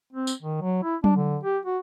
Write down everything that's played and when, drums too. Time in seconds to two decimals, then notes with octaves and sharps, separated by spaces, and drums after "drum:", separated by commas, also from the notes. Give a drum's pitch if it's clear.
0.13 C4
0.27 drum: tambourine
0.42 D#3
0.61 F#3
0.83 E4
1.04 D4, drum: tom F#3
1.16 D3
1.43 G4
1.66 F#4